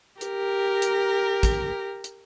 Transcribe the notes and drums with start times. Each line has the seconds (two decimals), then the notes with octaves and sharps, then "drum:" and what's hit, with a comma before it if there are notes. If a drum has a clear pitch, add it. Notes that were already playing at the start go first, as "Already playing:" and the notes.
0.21 G4 A#4, drum: hi-hat
0.82 drum: hi-hat
1.43 drum: kick, hi-hat
2.04 drum: hi-hat